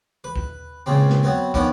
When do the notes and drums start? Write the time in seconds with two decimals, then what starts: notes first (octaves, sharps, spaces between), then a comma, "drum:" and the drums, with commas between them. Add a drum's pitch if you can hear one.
0.24 B4
0.36 drum: kick
0.86 C#2 A#2 C#3 C4
1.10 drum: snare
1.23 F#3 B3 C4
1.54 D#3 F3 B3 C#4 D4, drum: kick